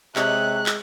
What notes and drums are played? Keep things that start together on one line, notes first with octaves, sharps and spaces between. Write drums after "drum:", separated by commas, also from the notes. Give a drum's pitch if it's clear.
C3 G#3 G4 C#5 D#5 F#6, drum: clap
drum: clap